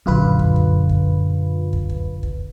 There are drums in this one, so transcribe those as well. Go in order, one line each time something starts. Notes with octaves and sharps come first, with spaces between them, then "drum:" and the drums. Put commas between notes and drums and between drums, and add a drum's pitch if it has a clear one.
F#2 A#2 D3 F4 B4
drum: kick
drum: kick
drum: kick
drum: kick
drum: kick
drum: kick